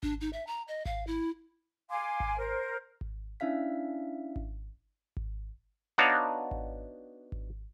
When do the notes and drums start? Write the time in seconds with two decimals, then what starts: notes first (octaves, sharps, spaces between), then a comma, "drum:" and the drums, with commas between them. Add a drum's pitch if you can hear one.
0.03 D4, drum: kick G#1
0.21 D#4
0.33 E5
0.47 A#5
0.68 D#5
0.85 F5, drum: kick G#1
1.07 E4
1.89 F5 G#5 C6 D6
2.20 drum: kick G#1
2.37 A#4 C5
3.01 drum: kick G#1
3.40 C#4 D4 E4 E5 F5 B6
4.36 drum: kick G#1
5.17 drum: kick G#1
5.98 B3 D4 D#4 F#4 C#5 F5
6.51 drum: kick G#1
7.32 drum: kick G#1